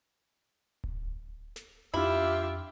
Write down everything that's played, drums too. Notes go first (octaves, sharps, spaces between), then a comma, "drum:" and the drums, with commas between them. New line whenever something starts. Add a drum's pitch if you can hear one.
drum: kick D1
drum: snare
F2 D4 E4 F4 G4 E5